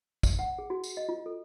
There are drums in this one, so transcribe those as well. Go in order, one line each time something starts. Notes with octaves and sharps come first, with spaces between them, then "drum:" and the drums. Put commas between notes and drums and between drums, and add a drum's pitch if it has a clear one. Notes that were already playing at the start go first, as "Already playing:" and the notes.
D5, drum: kick, tambourine
F#5
G#4
F#4
drum: tambourine
D#5
F4
A4